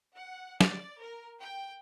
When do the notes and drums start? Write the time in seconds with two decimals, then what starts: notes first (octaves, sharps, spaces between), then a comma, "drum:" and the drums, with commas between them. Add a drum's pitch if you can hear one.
0.14 F#5
0.61 D5, drum: snare
1.01 A#4
1.40 G5